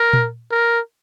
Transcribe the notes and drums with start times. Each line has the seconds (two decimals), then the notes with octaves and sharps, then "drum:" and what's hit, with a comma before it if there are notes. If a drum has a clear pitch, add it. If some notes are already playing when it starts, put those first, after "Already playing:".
Already playing: A#4
0.13 drum: tom A#2
0.51 A#4